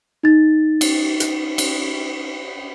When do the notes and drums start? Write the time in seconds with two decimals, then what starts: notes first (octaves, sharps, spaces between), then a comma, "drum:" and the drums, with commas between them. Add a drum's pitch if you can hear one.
0.23 D#4 A6
0.81 drum: cymbal
1.20 drum: hi-hat
1.58 drum: cymbal